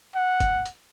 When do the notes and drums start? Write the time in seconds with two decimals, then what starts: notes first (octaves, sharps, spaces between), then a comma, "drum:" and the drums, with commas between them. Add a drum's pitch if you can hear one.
0.15 F#5
0.40 drum: kick, hi-hat
0.66 drum: hi-hat